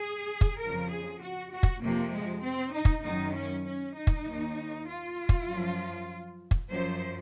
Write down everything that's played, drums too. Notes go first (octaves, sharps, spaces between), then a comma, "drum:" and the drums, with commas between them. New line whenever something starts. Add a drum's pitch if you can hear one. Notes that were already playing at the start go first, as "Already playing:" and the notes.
Already playing: G#4
drum: kick
F2 C#3 F3 A#4
G#4
F#4
F#4
drum: kick
F2 C3 F3 A#3
G#3
C4
D#4
drum: kick
F#2 D#3 D#4
C#4
C#4
D#4
drum: kick
D#2 D#3
F4
drum: kick
F#2 F3
drum: kick
F#2 F3 C5